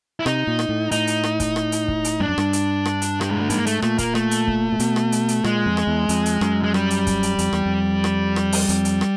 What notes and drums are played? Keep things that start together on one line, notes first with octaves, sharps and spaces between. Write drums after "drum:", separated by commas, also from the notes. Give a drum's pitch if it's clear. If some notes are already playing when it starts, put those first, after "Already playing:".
E4
C3 D#4, drum: rim click
A#2
drum: rim click
A2
A2 D#4, drum: hi-hat
drum: hi-hat
drum: rim click
drum: kick, hi-hat
drum: rim click
drum: hi-hat
drum: kick
drum: hi-hat
G2 D4
F#2
G2, drum: rim click
drum: hi-hat
drum: rim click
drum: hi-hat
G3, drum: rim click
G#3
A3
G#2 A#3, drum: hi-hat
A3, drum: hi-hat
A#2 A3, drum: rim click
A#3, drum: kick, hi-hat
A3, drum: rim click
drum: hi-hat
drum: kick
A#2
B2, drum: hi-hat
drum: rim click
drum: hi-hat
drum: hi-hat
A#2 G#3, drum: rim click
F2
drum: rim click
E2
F2, drum: hi-hat
drum: hi-hat
F#2, drum: rim click
G#3
G3, drum: rim click
drum: hi-hat
drum: kick, hi-hat
drum: hi-hat
F2, drum: hi-hat
E2, drum: rim click
F2
drum: rim click
drum: rim click
drum: open hi-hat
F2, drum: hi-hat
drum: hi-hat
drum: rim click